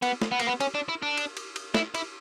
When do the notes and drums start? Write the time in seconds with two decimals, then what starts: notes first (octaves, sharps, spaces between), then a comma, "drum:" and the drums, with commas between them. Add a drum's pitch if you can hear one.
0.03 B3, drum: cymbal
0.22 drum: snare
0.32 B3
0.40 A#3, drum: cymbal
0.47 B3
0.60 C#4, drum: cymbal
0.75 D4
0.89 E4
1.02 D4
1.17 drum: cymbal
1.37 drum: cymbal
1.56 drum: cymbal
1.74 E4, drum: snare
1.95 E4, drum: cymbal